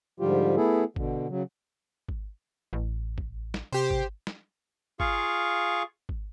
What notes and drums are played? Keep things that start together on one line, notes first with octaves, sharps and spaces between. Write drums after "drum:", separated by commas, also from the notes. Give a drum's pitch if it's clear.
G#2 D3 F3 G3 F4 G4
A3 B3 E4 G#4 A4
B2 D3, drum: kick G#1
C#3 F#3
drum: kick G#1
A1
drum: kick G#1
drum: snare
C3 G4 C5
drum: kick G#1
drum: snare
F4 G#4 F5 C#6, drum: kick G#1
drum: kick G#1